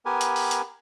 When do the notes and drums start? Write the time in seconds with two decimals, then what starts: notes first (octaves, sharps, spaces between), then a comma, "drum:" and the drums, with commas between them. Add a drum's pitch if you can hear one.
0.06 B3 G4 A#4 B4 G#5
0.21 drum: hi-hat
0.36 drum: open hi-hat
0.51 drum: hi-hat